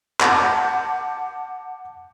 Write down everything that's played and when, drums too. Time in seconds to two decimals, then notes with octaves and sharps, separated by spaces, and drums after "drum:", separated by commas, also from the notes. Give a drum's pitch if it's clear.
0.20 F#5 A5 D6 G6, drum: clap